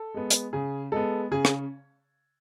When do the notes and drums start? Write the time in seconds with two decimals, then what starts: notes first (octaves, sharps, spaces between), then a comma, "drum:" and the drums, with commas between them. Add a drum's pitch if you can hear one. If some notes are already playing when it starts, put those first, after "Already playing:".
Already playing: A4
0.14 G#3 B3
0.30 drum: hi-hat
0.53 C#3 G#4
0.92 G#3 B3 A4
1.31 C#3 G#4
1.45 drum: rim click